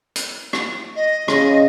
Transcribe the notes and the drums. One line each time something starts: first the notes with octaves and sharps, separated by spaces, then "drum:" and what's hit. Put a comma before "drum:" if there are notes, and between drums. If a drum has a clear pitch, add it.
drum: hi-hat
drum: rim click
D#5
C#3, drum: rim click